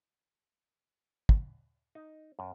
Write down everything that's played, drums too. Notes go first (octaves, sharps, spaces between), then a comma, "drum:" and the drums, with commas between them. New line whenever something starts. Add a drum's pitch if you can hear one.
drum: kick
D#4
F#2